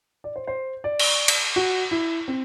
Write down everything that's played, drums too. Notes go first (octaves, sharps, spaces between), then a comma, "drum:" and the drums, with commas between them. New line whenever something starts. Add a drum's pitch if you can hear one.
D5
C5
C5
D5
drum: cymbal
drum: cymbal
F#4
E4
C4